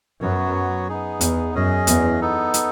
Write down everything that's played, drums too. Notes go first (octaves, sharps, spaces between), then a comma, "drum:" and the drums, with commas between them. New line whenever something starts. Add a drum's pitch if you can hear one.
F#2 F#3 B3 F#4 C#5
B3 D#4 G#4
E2, drum: hi-hat
F#2 C#4 G#4 D#5
E2, drum: hi-hat
B3 D#4 A4
drum: hi-hat